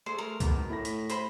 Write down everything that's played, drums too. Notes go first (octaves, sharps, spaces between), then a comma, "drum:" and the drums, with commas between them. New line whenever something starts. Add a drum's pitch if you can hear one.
A3 G#4 C5
A#4
D2 G#2 B2, drum: kick C#2, hi-hat
A2 B5 A#6
B6, drum: hi-hat
C5 B5, drum: hi-hat